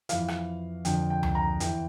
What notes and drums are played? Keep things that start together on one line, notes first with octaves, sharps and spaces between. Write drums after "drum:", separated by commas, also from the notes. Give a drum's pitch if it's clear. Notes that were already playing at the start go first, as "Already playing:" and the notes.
F2 E3 F5, drum: hi-hat
drum: rim click
F2 D3 G5, drum: hi-hat
G5
drum: tom C#2
A#5
E2 E3 G5, drum: hi-hat